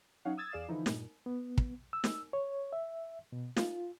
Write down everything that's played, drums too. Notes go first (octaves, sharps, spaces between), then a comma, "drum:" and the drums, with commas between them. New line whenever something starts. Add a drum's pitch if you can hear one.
F#3 C#4 D#4 C#5 F5 F#5
D#6 E6 G#6 A6
E2 G#4 D5 F5 E7
D3 E3 F3 D#4 E4
G2 A#2, drum: snare
B3
drum: kick
E6
drum: snare
C#5
E5
B2
F4, drum: snare